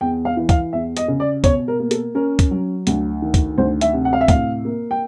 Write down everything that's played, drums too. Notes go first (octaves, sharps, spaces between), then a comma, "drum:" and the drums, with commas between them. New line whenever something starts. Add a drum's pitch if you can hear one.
E2 G5
F5
E3
F5, drum: kick C2, hi-hat
E2 E5
D#5, drum: hi-hat
C#3
D5
B2 C#5, drum: kick C2, hi-hat
A#4
A#3
A4, drum: hi-hat
C#4 A#4
drum: kick C2, hi-hat
F#3
D2, drum: hi-hat
D#3
drum: kick C2, hi-hat
D2 C5
E5, drum: hi-hat
C3
F#5
F5
E5
A2 F5, drum: kick C2, hi-hat
A#3
G5